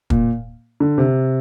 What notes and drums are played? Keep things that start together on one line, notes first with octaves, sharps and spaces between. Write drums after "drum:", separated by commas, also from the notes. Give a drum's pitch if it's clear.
A#2, drum: kick
D3
C3